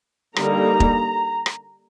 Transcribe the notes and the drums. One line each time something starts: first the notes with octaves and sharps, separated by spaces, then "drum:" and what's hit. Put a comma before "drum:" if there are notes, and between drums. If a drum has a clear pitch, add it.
D3 G3 A#3 D#4 A#5, drum: rim click
drum: kick E1
drum: rim click